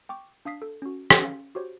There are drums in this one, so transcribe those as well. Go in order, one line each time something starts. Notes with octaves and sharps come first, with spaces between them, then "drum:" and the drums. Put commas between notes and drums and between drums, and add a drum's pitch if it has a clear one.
G5 C#6 D6
D4 F5 D#6 B6 C7
A4
C#4 F#4
drum: rim click
C#4 F5
F#4 G4 C5 C#5